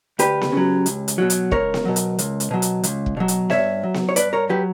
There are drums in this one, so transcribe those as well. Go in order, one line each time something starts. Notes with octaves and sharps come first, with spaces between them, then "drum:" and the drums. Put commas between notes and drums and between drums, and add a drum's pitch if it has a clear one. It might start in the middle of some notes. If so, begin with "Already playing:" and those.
D2 G4 B4, drum: hi-hat
drum: snare B3
C#3 F#3
C#2, drum: hi-hat
drum: hi-hat
B2 F#3
drum: hi-hat
C#2 A#4 C#5, drum: kick
drum: snare B3
B2 F#3
drum: hi-hat
C#2, drum: hi-hat
drum: hi-hat
B2 F#3
drum: hi-hat
C#2, drum: hi-hat
drum: kick
B2 F#3
drum: hi-hat
G2 C#5 E5, drum: snare B3
F#3
drum: snare B3
C#5
G2 B4 D5, drum: hi-hat
A#4 C#5
F#3 G4 B4